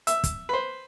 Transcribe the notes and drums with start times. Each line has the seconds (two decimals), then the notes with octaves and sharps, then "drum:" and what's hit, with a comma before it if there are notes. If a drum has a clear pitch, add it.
0.07 E5, drum: hi-hat
0.24 drum: kick, hi-hat
0.49 B4 C5